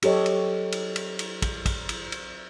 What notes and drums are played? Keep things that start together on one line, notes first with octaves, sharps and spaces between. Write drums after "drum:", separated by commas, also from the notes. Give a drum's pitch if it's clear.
F#3 G4 A4 C#5 D#5, drum: cymbal
drum: cymbal
drum: cymbal
drum: cymbal
drum: cymbal
drum: kick, cymbal
drum: kick, cymbal
drum: cymbal
drum: cymbal